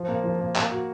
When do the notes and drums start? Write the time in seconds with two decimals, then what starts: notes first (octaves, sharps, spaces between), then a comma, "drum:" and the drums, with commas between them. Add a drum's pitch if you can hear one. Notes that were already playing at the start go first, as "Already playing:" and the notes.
Already playing: F3
0.08 A#3
0.24 F3
0.40 A#3
0.56 A#3, drum: clap
0.71 F#4